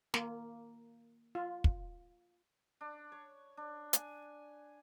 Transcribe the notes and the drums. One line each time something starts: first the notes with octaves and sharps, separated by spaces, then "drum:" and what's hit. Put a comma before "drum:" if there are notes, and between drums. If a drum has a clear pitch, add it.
A#3, drum: snare
F4
drum: kick
D4
C#5
D4
G#5, drum: hi-hat